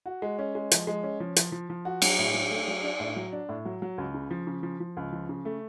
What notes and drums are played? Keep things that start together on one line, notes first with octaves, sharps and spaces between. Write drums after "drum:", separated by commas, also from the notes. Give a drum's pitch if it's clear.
F#4
G#3
C#4
G#3
F3, drum: hi-hat
G#3
C#4
F3
F3, drum: hi-hat
F3
F3
F#4
F#3, drum: cymbal
A2
F#3
A3
F#3
D4
A2
F#3
D4
A2
F#3
F#3
C#2
C#3
F3
C#3
F3
F3
C#2
F3
C#3
A3